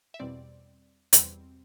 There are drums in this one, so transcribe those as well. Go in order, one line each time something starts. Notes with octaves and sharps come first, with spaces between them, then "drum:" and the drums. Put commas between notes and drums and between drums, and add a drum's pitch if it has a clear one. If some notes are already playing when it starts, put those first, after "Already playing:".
E5
E2 B2 G3 C4 D5
E2 B2 G3 C4, drum: hi-hat